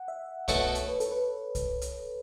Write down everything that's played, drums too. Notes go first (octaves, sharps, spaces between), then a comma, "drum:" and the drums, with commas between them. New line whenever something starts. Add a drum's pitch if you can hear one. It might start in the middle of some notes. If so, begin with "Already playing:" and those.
Already playing: F#5
E5
B2 A3 F#4 A4 C#5, drum: kick C2, hi-hat
drum: hi-hat
B4
A4, drum: hi-hat
B4
drum: kick C2, hi-hat
drum: hi-hat